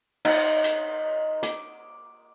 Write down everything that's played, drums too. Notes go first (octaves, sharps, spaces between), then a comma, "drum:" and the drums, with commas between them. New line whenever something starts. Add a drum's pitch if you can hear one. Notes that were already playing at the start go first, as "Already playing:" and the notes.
D#4, drum: cymbal
drum: hi-hat
D6, drum: hi-hat